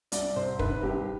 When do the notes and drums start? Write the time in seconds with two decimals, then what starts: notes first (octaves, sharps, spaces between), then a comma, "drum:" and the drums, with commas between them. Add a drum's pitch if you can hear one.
0.12 C2 D5, drum: hi-hat
0.36 C3 C5
0.59 D#3 B4, drum: kick
0.83 C2 G4